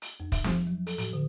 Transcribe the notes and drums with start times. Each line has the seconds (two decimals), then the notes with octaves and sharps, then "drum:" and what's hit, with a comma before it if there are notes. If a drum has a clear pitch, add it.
0.02 drum: hi-hat
0.20 F2
0.32 E5, drum: kick, hi-hat
0.44 F3, drum: snare
0.67 F#3
0.87 A4, drum: hi-hat
0.98 A2, drum: hi-hat
1.13 D3